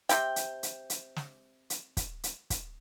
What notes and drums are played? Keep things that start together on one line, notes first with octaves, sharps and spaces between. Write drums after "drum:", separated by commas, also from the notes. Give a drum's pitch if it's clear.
C3 E4 G5, drum: hi-hat
drum: hi-hat
drum: hi-hat
drum: hi-hat
drum: snare
drum: hi-hat
drum: kick, hi-hat
drum: hi-hat
drum: kick, hi-hat